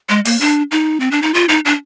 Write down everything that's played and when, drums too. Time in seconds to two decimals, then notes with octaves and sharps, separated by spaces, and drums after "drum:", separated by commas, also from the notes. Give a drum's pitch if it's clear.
0.09 G#3
0.25 A#3, drum: open hi-hat
0.41 D4
0.71 D#4
1.00 C4
1.11 D4
1.22 D#4
1.34 F4
1.49 D#4
1.65 D4